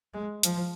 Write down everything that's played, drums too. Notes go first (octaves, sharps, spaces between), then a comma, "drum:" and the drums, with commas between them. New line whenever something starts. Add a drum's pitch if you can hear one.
G#3
F3, drum: hi-hat